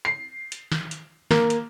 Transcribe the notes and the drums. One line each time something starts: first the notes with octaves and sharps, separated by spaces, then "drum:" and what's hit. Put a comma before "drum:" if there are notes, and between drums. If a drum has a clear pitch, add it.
C7
drum: hi-hat
drum: snare
drum: hi-hat
A#3, drum: snare
drum: hi-hat